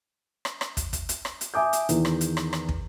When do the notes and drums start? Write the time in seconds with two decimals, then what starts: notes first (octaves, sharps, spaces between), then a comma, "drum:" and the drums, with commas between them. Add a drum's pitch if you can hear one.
0.45 drum: rim click
0.61 drum: rim click
0.77 drum: kick, hi-hat
0.93 drum: kick, hi-hat
1.09 drum: hi-hat
1.25 drum: rim click
1.41 drum: hi-hat
1.54 E5 G#5 A5 D6 D#6 G6
1.73 drum: hi-hat
1.89 E2 D#3, drum: hi-hat
2.05 drum: rim click
2.21 drum: hi-hat
2.37 drum: rim click
2.53 drum: rim click
2.69 drum: kick